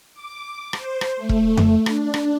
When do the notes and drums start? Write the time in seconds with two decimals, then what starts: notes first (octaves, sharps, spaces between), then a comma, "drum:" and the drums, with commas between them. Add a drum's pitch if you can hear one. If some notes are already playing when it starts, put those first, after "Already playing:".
0.14 D6
0.73 C5, drum: rim click
1.01 drum: rim click
1.17 A3
1.29 drum: kick E1
1.57 drum: tom F2
1.86 D4, drum: rim click
2.14 drum: rim click